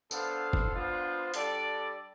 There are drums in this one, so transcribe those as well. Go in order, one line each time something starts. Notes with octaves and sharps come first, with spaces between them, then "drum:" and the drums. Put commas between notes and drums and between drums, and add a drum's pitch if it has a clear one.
B3 D4 A4 C5 F5, drum: tambourine
drum: kick
B3 D4 F4 C5
G3 D4 A4 D5, drum: hi-hat